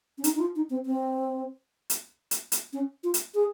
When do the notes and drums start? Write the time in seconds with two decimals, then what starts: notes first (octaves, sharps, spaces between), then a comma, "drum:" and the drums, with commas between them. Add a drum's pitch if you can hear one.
0.18 C#4
0.24 D#4, drum: hi-hat
0.35 D#4
0.39 F4
0.55 D#4
0.70 C4
0.86 C4
1.90 drum: hi-hat
2.31 drum: hi-hat
2.52 drum: hi-hat
2.73 C#4
3.03 F4
3.14 drum: hi-hat
3.34 G#4